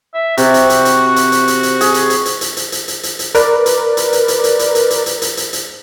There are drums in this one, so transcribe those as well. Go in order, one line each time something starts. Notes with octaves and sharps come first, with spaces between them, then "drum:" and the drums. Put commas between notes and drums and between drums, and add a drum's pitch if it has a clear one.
E5
C3 F#4, drum: hi-hat
drum: hi-hat
drum: hi-hat
drum: hi-hat
F#4
drum: hi-hat
drum: hi-hat
drum: hi-hat
drum: hi-hat
G#4, drum: hi-hat
drum: hi-hat
drum: hi-hat
drum: hi-hat
drum: hi-hat
drum: hi-hat
drum: hi-hat
drum: hi-hat
drum: hi-hat
drum: hi-hat
A#4 B4 D5, drum: hi-hat
drum: hi-hat
drum: hi-hat
drum: hi-hat
drum: hi-hat
drum: hi-hat
drum: hi-hat
drum: hi-hat
drum: hi-hat
drum: hi-hat
drum: hi-hat
drum: hi-hat
drum: hi-hat